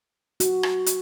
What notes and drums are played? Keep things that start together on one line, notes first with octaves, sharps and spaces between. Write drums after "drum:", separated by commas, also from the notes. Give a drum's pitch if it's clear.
F#4, drum: hi-hat
drum: rim click
drum: hi-hat